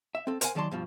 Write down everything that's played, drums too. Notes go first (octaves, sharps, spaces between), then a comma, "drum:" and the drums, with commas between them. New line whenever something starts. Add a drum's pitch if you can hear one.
E5
C4 A4
A#4 C5 D#5 F#5 G#5, drum: hi-hat
D#2 D#3 F#3 D5 A5 C6
G2 B2 F3